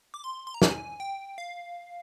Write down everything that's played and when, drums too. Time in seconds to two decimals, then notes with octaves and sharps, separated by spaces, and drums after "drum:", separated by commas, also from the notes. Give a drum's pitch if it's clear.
0.14 D6
0.24 C6
0.47 C6
0.54 A#5
0.62 G#5, drum: snare
1.00 G5
1.38 F5